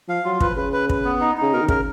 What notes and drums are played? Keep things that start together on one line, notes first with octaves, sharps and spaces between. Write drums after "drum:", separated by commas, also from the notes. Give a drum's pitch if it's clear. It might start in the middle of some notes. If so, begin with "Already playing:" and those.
F3 F5
F#3 F4
F3 B4, drum: kick
C#3 B4
B4
B4, drum: kick
B3
D#4
C#3 D#4
B2 A#4
D#3
C#3 A#4, drum: kick